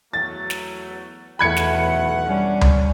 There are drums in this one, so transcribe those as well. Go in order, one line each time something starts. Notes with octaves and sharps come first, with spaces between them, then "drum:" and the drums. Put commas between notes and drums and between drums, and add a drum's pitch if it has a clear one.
E2 F#3 A3 A6
drum: snare
B1 E2 A3 F#5 B5 G#6 C#7
drum: snare
G3 C#4 D4
drum: tom C#2